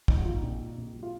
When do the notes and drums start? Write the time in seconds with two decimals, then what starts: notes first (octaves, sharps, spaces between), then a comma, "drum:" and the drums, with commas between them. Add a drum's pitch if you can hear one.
0.08 A#2 D#4 D#5, drum: kick
0.17 F#3 F#4
0.25 A#2 F4
0.34 D#4
0.43 A#1
0.60 A#2
0.78 A#1
0.95 F#3
1.03 F4